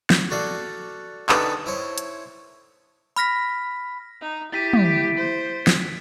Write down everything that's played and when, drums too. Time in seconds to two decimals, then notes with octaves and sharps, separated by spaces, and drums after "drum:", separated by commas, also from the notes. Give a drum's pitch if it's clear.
0.10 drum: snare
0.30 F#4 A4 D5 F5
1.29 D3 B3 C#4 D#4 G4 A4, drum: clap
1.66 E4 C5 C#5
1.98 drum: hi-hat
3.16 B5 F6 A#6 B6
4.21 D#4
4.53 E4 G4 A6 B6 D#7
4.73 drum: tom
4.86 B6 D7
5.18 C5
5.67 drum: snare